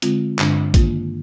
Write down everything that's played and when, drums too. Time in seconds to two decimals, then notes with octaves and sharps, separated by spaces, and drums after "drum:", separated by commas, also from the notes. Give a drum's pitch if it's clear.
0.02 D3 G#3 C4 F4, drum: hi-hat
0.39 G2 D3 G#3 D4, drum: clap
0.74 D#3 A#3 F4, drum: kick A1, hi-hat